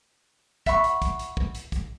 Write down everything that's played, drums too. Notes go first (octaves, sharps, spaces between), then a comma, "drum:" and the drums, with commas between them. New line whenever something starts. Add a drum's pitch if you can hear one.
E5 F#5 B5 C#6, drum: kick, hi-hat
drum: hi-hat
drum: kick, hi-hat
drum: hi-hat
drum: kick
drum: hi-hat
drum: kick, hi-hat